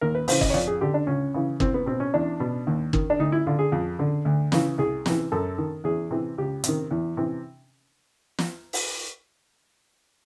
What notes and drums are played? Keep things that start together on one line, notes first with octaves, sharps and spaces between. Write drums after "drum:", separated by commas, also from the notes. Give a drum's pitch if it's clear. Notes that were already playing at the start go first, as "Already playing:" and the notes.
D#2 A#4
B4
C#3 E3 C5, drum: open hi-hat
D#5, drum: kick
C#5
F2 D5
G#4
D3 G4
D4
C#2 C#4
C#3 E3
C2 C4, drum: kick
B3
B2 C4
C#4
E2 D4
B2
D#2
D#3, drum: kick
D4
D2 D#4
E4
D3 F4
G#4
F2
D3
D2
C#3 E3, drum: snare
C2 G#4
C3 E3, drum: snare
F#2 A4
D#3
E2 G#4
C3 E3
C#2 G4
C3 D#3, drum: hi-hat
E2
C3 E3
drum: snare
drum: open hi-hat